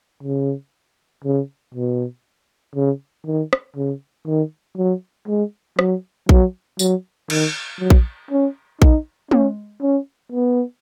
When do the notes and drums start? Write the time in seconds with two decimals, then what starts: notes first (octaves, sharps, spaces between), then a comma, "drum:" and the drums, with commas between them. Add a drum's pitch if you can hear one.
0.23 C#3
1.24 C#3
1.75 B2
2.76 C#3
3.26 D#3
3.53 drum: rim click
3.77 C#3
4.27 D#3
4.77 F#3
5.28 G#3
5.79 F#3, drum: rim click
6.29 F#3, drum: kick A#1
6.79 F#3, drum: tambourine
7.30 D#3, drum: cymbal
7.80 F#3
7.90 drum: kick A#1
8.31 C#4
8.82 D#4, drum: kick A#1
9.31 C#4, drum: tom
9.82 C#4
10.32 B3